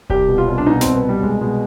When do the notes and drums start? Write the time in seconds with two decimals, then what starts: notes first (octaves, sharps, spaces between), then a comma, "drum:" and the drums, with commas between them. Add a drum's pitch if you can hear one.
0.10 C2 G4, drum: kick D#1
0.28 B2
0.38 F4
0.48 C2
0.58 D4
0.66 B2 D#4
0.81 C2 C4, drum: snare
0.94 B3
1.04 B2 G3
1.22 C2 G#3
1.41 B2 G#3